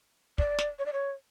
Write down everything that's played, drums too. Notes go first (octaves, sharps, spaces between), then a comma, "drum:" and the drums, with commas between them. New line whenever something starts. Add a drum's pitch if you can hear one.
D5, drum: kick
drum: snare
C#5
D5
C#5